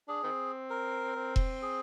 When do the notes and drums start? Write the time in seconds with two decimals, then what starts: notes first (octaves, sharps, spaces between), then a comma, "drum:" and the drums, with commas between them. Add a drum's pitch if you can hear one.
0.08 D4 G#4
0.23 D#3 C4
0.70 A#4
1.16 C4
1.36 drum: kick E1
1.62 G#4